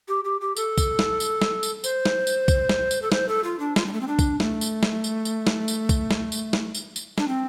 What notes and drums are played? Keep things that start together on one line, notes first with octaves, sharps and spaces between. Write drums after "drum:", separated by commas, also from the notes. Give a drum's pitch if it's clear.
G4
G4
G4
A4, drum: tambourine
drum: kick, tambourine
drum: snare
drum: tambourine
drum: snare
drum: tambourine
C5, drum: tambourine
drum: snare
drum: tambourine
drum: kick, tambourine
drum: snare
drum: tambourine
A4
C5, drum: snare
A4
F4
D4
F4, drum: snare
G3
A3
C4
D4
drum: kick, tambourine
A3, drum: snare
drum: tambourine
drum: snare
drum: tambourine
drum: tambourine
drum: snare
drum: tambourine
drum: kick, tambourine
drum: snare
drum: tambourine
drum: snare
drum: tambourine
drum: tambourine
D4, drum: snare
C4